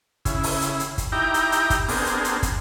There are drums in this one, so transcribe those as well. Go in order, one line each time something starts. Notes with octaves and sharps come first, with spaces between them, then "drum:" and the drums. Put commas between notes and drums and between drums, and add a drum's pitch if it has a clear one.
C#3 E4, drum: kick, hi-hat
drum: open hi-hat
drum: hi-hat
drum: hi-hat
drum: kick, hi-hat
D#4 E4 G4 G5 A#5
drum: hi-hat
drum: hi-hat
drum: kick, hi-hat
B3 C4 D4 G#4 A#4, drum: open hi-hat
drum: hi-hat
drum: hi-hat
drum: kick, hi-hat